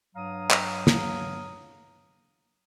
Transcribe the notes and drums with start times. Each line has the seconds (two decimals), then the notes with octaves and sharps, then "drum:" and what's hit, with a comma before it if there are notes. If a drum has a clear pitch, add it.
0.15 G2 F#3 F5 A#5 D#6
0.51 drum: clap
0.87 drum: snare